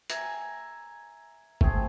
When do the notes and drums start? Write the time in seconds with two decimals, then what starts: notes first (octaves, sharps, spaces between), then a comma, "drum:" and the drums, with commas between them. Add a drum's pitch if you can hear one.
0.10 E5 G#5 A#5, drum: hi-hat
1.61 A3 C4 G#4, drum: kick